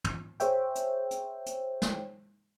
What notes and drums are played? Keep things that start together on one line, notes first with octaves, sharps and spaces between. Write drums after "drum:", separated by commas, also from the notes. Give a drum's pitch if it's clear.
drum: tom
G#4 C5 C#5 E5 G5, drum: hi-hat
drum: hi-hat
drum: hi-hat
drum: hi-hat
drum: snare